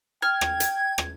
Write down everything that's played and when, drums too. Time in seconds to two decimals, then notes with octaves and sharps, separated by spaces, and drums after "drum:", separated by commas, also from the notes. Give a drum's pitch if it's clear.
0.22 G5 F6 G#6
0.41 drum: rim click
0.60 drum: hi-hat
0.98 drum: rim click